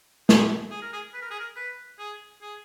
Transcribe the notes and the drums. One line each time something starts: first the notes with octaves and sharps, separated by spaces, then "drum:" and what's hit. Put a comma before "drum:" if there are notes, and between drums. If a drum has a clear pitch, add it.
G#4, drum: snare
G#4
A#4
G#4
B4
A#4
G#4
A#4
B4
G#4
G#4